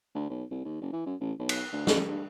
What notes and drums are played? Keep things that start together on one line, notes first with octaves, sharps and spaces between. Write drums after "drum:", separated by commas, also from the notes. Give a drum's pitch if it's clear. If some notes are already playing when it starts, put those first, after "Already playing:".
D2
B1
C2
D#2
F#1
E3
F#2
A1
B1
drum: cymbal
D2
C#2, drum: snare
G2